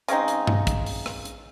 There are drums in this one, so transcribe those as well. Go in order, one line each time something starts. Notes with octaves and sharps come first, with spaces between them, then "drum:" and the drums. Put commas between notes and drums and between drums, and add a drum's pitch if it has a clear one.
C#3 G#3 C4 D#4, drum: hi-hat
drum: hi-hat
drum: tom G2
drum: kick, hi-hat
drum: open hi-hat
drum: rim click
drum: hi-hat